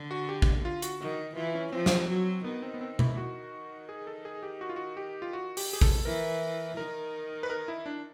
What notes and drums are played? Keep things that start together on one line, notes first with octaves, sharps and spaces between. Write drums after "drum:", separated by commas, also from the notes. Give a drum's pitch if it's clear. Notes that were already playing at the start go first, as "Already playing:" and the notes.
Already playing: D3
F#4
G4
drum: kick A1
F4
F#4, drum: hi-hat
D#3 F#4
E3 F4
C#4
F3 C4
drum: snare
F#3
D#3 B3
C4
B3
C4
E4, drum: tom B2
D#3 F#4
G#4
A4
G#4
G4
F#4
F4
F#4
G4
F4
F#4
G4, drum: open hi-hat
G#4
A4, drum: kick A1
E3 A#4
D#3 A#4
B4
A#4
E4
D4